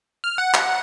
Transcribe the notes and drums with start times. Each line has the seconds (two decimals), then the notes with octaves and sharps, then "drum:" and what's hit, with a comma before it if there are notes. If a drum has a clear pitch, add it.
0.24 F6
0.38 F#5
0.54 drum: clap